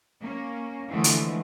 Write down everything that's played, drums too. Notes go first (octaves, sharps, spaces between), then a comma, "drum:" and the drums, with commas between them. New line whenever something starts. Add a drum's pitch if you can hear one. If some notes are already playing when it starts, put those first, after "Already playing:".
A#3 C#4
D3 E3 F3 G#3 A3
drum: hi-hat